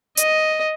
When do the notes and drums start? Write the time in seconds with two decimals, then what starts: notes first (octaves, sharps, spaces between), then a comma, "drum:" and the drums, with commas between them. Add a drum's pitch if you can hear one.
0.17 D#5, drum: hi-hat